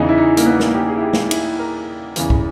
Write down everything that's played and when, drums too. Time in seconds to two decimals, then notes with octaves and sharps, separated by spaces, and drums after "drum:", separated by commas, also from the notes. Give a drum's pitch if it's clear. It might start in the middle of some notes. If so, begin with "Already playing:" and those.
Already playing: E2 C#3 E3 D#4
0.09 E4
0.18 D#4
0.37 A#3, drum: hi-hat
0.45 B3
0.60 A#3, drum: snare
0.74 G4
0.88 G#4
0.97 E4
1.02 G4
1.13 drum: snare
1.31 E4, drum: cymbal
1.59 A#4
2.16 E2 C#3 E3, drum: hi-hat
2.30 drum: kick